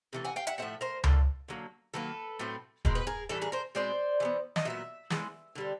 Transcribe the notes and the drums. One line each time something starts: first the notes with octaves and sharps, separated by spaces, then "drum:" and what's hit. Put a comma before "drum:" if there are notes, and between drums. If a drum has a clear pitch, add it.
C3 E3 A3
F#5 G#5
F5 G5
E5 F#5, drum: hi-hat
A2 F3 A3 C4 E5 F#5
A#4 C5
D3 F3 A#3, drum: tom C#2
D3 F#3 A#3
D#3 F#3 A#3 A4 B4
A2 F#3 A3 C4
B2 G#3 C4 A#4, drum: kick
B4
G#4 A#4
A2 E3 G3 A4
G#4 A#4
A#4 C5
B2 G#3 C4 C5 D5
E3 G#3 B3
D#5, drum: snare
A#2 F#3 B3 E5
E3 G#3 B3, drum: snare
D3 G3 C4